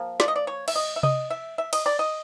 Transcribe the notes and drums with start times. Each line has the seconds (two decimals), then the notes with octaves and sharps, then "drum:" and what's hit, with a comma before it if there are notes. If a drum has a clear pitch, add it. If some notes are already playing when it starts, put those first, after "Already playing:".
Already playing: F3 A#3
0.20 D5, drum: snare
0.28 D#5
0.36 D5
0.47 C#5
0.68 E5, drum: cymbal
0.76 D#5
0.96 E5
1.03 D#5, drum: tom C3
1.30 E5
1.58 E5
1.73 D#5, drum: cymbal
1.86 D5
1.99 D#5